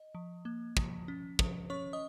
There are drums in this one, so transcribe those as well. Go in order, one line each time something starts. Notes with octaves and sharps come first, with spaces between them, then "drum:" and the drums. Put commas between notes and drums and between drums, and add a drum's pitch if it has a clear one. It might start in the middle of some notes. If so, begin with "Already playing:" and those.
Already playing: D#5
F3
A#3
F3, drum: kick
C#4
F3, drum: kick
C#4 C#5 C#6
D#5 D#6